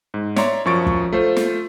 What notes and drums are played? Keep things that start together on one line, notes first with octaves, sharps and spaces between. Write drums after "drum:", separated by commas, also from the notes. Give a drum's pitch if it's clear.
G#2
C#5 D5 E5 A#5 C6, drum: snare
F#2 F3 C#6 A6 D7
drum: kick
A3 F4 C5
drum: snare